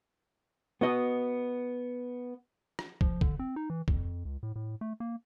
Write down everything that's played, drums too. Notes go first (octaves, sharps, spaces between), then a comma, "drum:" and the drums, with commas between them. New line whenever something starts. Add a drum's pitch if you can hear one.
B3 F#4 D#5
drum: rim click
F3, drum: kick
D3, drum: kick
C4
D#4
E3
F2, drum: kick
C#2
A2
A2
A3
A#3